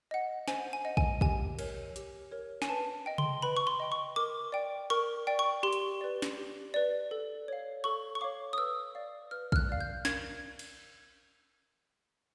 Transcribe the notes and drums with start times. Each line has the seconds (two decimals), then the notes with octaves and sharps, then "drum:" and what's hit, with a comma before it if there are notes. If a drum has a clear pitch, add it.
0.11 D#5 F#5
0.48 C5 G#5, drum: snare
0.73 G#5
0.85 D#5 F#5
0.97 G#5, drum: kick
1.21 G4 G#5, drum: kick
1.59 A#4 C#5, drum: cymbal
1.96 G4, drum: hi-hat
2.31 A#4 C#5
2.62 G#5, drum: snare
2.69 B4 A5
3.06 D#5 G5
3.18 C6, drum: tom C3
3.42 B4 B5
3.57 C#6
3.67 C6
3.80 D#5 G5
3.92 C#6
4.16 A#4 D6
4.52 D5 G5
4.90 A#4 C#6
5.27 D5 G5
5.39 C#6
5.63 G4 C6
5.73 drum: hi-hat
6.01 B4 D5
6.22 drum: snare
6.38 G4
6.74 B4 D5
7.11 A4
7.48 C#5 F5
7.84 A4 C#6
8.15 C#6
8.21 C#5 F5 D6
8.53 D#6
8.58 B4 E6
8.95 D5 F5
9.31 B4 F6
9.52 F6, drum: kick
9.56 F#6
9.69 D5 F5
9.81 G6
10.05 A#4 G#6, drum: snare
10.59 drum: cymbal